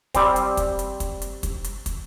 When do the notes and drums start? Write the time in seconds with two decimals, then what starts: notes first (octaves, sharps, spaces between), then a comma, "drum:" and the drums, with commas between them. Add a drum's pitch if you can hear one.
0.14 G3 C4, drum: kick, hi-hat
0.36 drum: hi-hat
0.57 drum: kick, hi-hat
0.79 drum: hi-hat
1.00 drum: kick, hi-hat
1.22 drum: hi-hat
1.43 drum: kick, hi-hat
1.64 drum: hi-hat
1.86 drum: kick, hi-hat